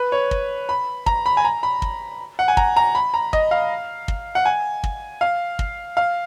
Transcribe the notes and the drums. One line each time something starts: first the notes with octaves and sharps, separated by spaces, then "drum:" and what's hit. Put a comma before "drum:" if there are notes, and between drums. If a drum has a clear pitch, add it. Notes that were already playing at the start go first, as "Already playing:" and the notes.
Already playing: B4
C#5
drum: kick
B5
A#5, drum: kick
B5
G#5
A#5
B5
drum: kick
F#5
G#5
A#5, drum: kick
A#5
B5
A#5
D#5, drum: kick
F5
drum: kick
F#5
G#5
drum: kick
F5
drum: kick
F5